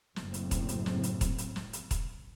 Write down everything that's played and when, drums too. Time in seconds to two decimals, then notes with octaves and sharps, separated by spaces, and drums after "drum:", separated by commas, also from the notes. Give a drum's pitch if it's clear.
0.16 F#1 F#2 A2 C4, drum: snare
0.34 drum: hi-hat
0.51 drum: kick E1, hi-hat
0.69 drum: hi-hat
0.86 drum: snare
1.03 drum: hi-hat
1.21 drum: kick E1, hi-hat
1.38 drum: hi-hat
1.56 drum: snare
1.73 drum: hi-hat
1.91 drum: kick E1, hi-hat